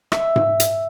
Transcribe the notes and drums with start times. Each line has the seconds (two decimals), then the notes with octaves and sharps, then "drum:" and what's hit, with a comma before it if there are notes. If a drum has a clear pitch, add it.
0.12 E5, drum: rim click
0.36 drum: tom G#2
0.60 drum: hi-hat